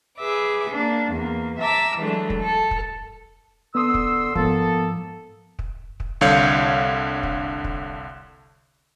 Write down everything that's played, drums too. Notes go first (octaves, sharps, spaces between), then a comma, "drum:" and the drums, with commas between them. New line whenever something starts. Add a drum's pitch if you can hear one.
G#4 B4 E5 D6
A#3 D4
E2 A#3
E5 A5 A#5 D6 E6
E3 F#3 G#3 A3 D4
drum: kick
A4
drum: kick
D3 B3 C6 D#6 E6
drum: kick
G#2 F3 A#3 B3 A4, drum: kick
drum: kick
drum: kick
C2 D3 C#5 F5 G6 C#7
drum: kick
drum: kick